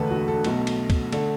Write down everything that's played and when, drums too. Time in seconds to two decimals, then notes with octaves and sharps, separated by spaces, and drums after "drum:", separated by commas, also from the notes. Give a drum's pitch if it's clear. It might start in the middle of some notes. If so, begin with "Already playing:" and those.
Already playing: E1 D2 D3 A3 A4 B4
0.10 F#4
0.28 A4
0.44 B1 B2 A3 A4, drum: cymbal
0.67 drum: cymbal
0.90 drum: kick, cymbal
1.13 D3 A3 A4, drum: cymbal